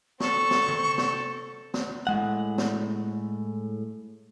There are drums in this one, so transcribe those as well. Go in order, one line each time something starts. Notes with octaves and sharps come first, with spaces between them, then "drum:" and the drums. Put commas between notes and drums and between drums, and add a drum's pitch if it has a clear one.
C4 A4 C#6, drum: snare
drum: snare
drum: tom C3
drum: snare
drum: snare
A2 G#3 F#5
drum: snare